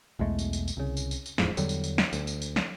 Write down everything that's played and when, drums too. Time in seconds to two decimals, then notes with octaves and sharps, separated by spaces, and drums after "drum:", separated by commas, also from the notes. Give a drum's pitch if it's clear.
0.19 B1 E2 G#3 A3
0.39 drum: tambourine
0.53 drum: tambourine
0.68 drum: tambourine
0.77 C2 C#3
0.97 drum: tambourine
1.11 drum: tambourine
1.26 drum: tambourine
1.38 D1 E2 G#2 F3, drum: snare
1.57 E2 D3 F#3 G3, drum: tambourine
1.69 drum: tambourine
1.84 drum: tambourine
1.98 drum: snare
2.13 D2, drum: tambourine
2.27 drum: tambourine
2.42 drum: tambourine
2.56 drum: snare